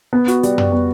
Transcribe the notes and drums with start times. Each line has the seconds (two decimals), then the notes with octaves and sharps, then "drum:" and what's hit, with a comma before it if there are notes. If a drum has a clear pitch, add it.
0.13 B3
0.28 F#4, drum: hi-hat
0.43 G3, drum: hi-hat
0.58 G3, drum: tom
0.72 B3